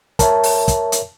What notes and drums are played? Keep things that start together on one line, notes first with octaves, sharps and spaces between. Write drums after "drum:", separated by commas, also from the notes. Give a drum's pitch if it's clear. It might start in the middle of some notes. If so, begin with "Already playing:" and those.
A#4 C#5 E5 A5, drum: kick, hi-hat
drum: open hi-hat
drum: kick, hi-hat
drum: hi-hat